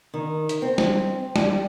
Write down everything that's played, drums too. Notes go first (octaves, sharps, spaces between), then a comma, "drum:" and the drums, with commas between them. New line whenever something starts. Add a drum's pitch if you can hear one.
D#3
drum: hi-hat
C4
drum: snare
G3, drum: snare